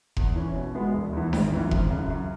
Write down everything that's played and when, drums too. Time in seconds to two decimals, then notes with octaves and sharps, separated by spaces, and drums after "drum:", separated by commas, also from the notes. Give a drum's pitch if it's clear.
0.17 E2, drum: kick F1
0.36 E3 C#4
0.55 B2
0.75 G#3 B3 F#4
0.93 E1
1.13 E2 E3
1.33 G#1, drum: snare D4
1.52 F#2 E3
1.71 G#1, drum: kick F1
1.90 F#2 C#3
2.10 F#2